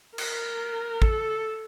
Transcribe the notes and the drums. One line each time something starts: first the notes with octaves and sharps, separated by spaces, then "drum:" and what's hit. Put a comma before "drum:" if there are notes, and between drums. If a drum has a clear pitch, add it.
A#4, drum: cymbal
A4, drum: kick